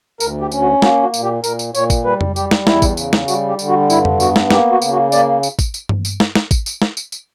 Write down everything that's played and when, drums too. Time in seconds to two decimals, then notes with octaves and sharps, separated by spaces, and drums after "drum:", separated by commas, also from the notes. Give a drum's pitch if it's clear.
0.20 D2 A#4, drum: tambourine
0.41 G4
0.52 C#4, drum: tambourine
0.61 F#4
0.82 A#3 F#4, drum: snare
1.03 F#4
1.14 A#2, drum: tambourine
1.23 G4
1.44 A#2 A#4, drum: tambourine
1.59 drum: tambourine
1.75 A#2 C#5, drum: tambourine
1.90 drum: kick, tambourine
2.05 G3 B4
2.21 drum: tom F2
2.36 G3 G4, drum: tambourine
2.51 drum: snare
2.67 E2 E4, drum: snare
2.82 drum: kick, tambourine
2.97 C#3, drum: tambourine
3.13 drum: snare
3.28 G3 F#4, drum: tambourine
3.49 G4
3.59 D3, drum: tambourine
3.69 F#4
3.90 G2 E4, drum: tambourine
4.05 drum: tom F2
4.20 B3 F#4, drum: tambourine
4.36 drum: snare
4.50 A#3 G4, drum: snare
4.72 F#4
4.82 C#3, drum: tambourine
4.92 F#4
5.12 A#3 D5, drum: tambourine
5.43 drum: tambourine
5.59 drum: kick, tambourine
5.74 drum: tambourine
5.89 drum: tom G2
6.05 drum: tambourine
6.20 drum: snare
6.35 drum: snare
6.51 drum: kick, tambourine
6.66 drum: tambourine
6.82 drum: snare
6.97 drum: tambourine
7.12 drum: tambourine